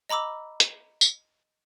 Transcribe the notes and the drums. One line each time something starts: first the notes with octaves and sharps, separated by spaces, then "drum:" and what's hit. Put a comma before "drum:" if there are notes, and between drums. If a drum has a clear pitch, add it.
D#5 A#5 B5 D6 E6
drum: hi-hat
drum: tambourine